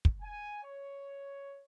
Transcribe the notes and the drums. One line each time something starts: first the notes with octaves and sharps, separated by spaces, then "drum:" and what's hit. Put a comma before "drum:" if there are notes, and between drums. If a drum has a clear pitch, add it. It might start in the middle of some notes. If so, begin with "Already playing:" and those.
drum: kick
G#5
C#5